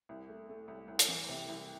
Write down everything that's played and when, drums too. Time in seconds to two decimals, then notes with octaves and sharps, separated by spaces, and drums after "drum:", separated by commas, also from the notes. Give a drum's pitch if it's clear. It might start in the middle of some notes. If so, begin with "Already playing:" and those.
0.09 C2
0.29 A3
0.49 A3
0.68 C2
0.88 C2
0.99 drum: hi-hat
1.08 E3
1.29 C3
1.49 C2